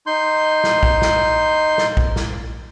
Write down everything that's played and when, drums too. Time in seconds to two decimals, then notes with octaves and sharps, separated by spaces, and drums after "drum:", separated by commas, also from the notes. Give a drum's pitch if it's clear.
0.07 D#4 C6 G6
0.64 drum: snare
0.83 drum: kick
1.02 drum: snare
1.78 drum: snare
1.97 drum: kick
2.16 drum: snare